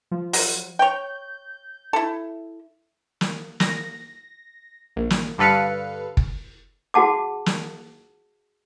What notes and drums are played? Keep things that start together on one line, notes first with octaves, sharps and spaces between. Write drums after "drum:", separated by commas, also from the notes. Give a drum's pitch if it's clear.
F3
F#3, drum: open hi-hat
C#5 G5 G6
E4 A4
drum: snare
A#6, drum: snare
A#1
drum: snare
G2 D3 A4 B4 F5 C#7
drum: kick
F#4 G#4 F#5 A5 D6
drum: snare